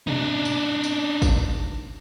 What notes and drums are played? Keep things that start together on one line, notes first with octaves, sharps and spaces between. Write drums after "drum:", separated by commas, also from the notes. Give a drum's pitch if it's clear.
D4 D#4, drum: tom B2
drum: tambourine
drum: tambourine
drum: kick, tambourine